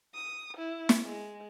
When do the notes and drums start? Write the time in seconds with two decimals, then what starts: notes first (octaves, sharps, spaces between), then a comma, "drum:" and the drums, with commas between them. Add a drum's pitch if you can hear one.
0.14 D#6
0.57 E4
0.89 drum: snare
1.06 G#3